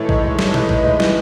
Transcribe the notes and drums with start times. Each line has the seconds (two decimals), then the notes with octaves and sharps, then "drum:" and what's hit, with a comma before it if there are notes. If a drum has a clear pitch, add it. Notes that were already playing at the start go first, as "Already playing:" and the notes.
Already playing: A2 E3 G#3 A4 C#5
0.09 D#4, drum: kick
0.24 G#3
0.39 E3, drum: snare
0.54 A2 B4 D#5, drum: tom B2
0.69 D#4, drum: kick
0.84 G#3
1.00 E3, drum: snare